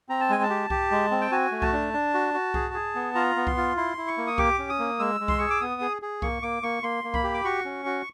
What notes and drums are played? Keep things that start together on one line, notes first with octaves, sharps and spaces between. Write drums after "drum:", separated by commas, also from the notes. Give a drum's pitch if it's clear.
C4 A#5
A5
G#3 G#5
A5
G4
G4, drum: kick C2
G#3
C4
G5
F#4 G#5
A3
A5, drum: kick C2
D4
D4
F#4
F#4
G#4, drum: kick C2
G#4
B3
F4 A#5
B3
C6, drum: kick C2
F4
E4 C6
E4
C#6
A#3
D#6
G4 D6, drum: kick C2
C#4
D#6
A#3
G#3 E6
G#3
C6, drum: kick C2
G#4 C#6
D6
B3 D#6
G#4
G#4
A#3 C#6, drum: kick C2
A#3 D6
A#3 C#6
A#3 C6
A#3
B5, drum: kick C2
G4
D6
F#4 C#6
C#4
F#4